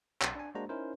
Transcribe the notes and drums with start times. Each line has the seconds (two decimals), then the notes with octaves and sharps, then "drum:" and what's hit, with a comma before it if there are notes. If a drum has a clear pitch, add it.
0.22 B1, drum: clap
0.35 D4 G#5
0.55 G#3 A#3 D4 F#4 C5 A#5
0.69 C#4 D#4 E4 A#4 C5